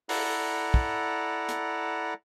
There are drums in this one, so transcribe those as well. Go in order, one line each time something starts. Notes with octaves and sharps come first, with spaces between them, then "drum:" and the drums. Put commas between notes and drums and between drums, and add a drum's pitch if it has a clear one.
E4 A4 D5 F#5 A#5, drum: open hi-hat
drum: kick
drum: hi-hat